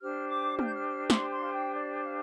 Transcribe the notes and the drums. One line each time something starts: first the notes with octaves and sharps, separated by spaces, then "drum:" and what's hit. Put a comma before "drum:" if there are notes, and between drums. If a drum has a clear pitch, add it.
D4 G4 C5 F6
D6
F6, drum: tom
G6
F6
F6
C6, drum: snare
C6
F5
G5
D5
F5